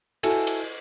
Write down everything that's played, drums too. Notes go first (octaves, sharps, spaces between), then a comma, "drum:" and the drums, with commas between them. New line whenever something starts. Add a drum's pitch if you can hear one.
E4 F#4 A4 G#5, drum: cymbal
drum: cymbal